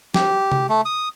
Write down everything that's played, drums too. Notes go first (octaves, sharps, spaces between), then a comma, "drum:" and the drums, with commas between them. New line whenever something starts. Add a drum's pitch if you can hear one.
G4, drum: snare
drum: tom C3
A3
D#6